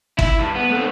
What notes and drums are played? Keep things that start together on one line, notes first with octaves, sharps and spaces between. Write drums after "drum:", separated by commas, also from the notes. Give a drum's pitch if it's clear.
E4, drum: kick
G2
B3
A3 C4